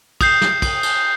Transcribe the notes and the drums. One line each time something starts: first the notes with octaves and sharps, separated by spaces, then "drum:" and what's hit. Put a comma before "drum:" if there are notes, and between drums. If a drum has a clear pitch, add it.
D#6 G6 C7, drum: kick, cymbal
drum: snare
drum: kick, cymbal
drum: cymbal